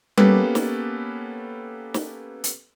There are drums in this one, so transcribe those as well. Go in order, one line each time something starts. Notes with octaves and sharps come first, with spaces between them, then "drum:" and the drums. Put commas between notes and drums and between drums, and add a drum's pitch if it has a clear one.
A#3 B3 C#4 G4 A4 B4, drum: tom G3
drum: snare
drum: snare
drum: hi-hat